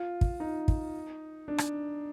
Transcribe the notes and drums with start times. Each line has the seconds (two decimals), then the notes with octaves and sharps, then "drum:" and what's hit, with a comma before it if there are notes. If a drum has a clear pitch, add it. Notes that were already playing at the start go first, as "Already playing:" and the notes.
Already playing: F4
0.21 drum: kick
0.40 D#4
0.68 drum: kick
1.48 D4
1.58 drum: rim click